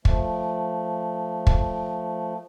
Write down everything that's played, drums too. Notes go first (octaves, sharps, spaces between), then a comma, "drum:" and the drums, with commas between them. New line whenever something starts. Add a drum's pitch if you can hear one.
F3 A3, drum: kick
drum: kick